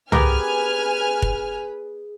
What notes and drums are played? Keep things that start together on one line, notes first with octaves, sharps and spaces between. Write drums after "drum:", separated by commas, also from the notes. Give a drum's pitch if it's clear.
B3 G4 G#4 A#4 B4 G#5 F6, drum: tom
drum: kick